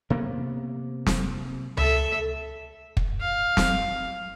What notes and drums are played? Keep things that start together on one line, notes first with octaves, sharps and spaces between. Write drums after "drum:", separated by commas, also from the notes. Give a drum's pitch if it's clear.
C3 A#3 B3
drum: snare
A4 E5, drum: tom C#2
drum: kick
F5
drum: snare